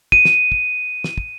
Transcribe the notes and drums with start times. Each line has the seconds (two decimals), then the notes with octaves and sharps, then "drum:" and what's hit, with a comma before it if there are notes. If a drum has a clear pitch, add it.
0.12 D#7, drum: kick
0.25 drum: snare
0.52 drum: kick
1.04 drum: snare
1.18 drum: kick